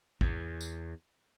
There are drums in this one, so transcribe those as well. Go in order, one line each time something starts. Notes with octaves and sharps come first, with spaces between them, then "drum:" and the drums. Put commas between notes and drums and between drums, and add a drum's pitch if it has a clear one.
E2, drum: kick
drum: tambourine